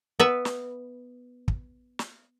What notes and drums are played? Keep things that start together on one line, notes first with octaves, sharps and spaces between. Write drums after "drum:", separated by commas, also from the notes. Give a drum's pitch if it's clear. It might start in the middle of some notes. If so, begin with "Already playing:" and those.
B3 B4 E5
drum: snare
drum: kick
drum: snare